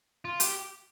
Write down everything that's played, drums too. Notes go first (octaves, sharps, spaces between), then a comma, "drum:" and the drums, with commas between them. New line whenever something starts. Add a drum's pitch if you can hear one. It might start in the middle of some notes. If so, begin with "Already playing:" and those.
F4
G4, drum: hi-hat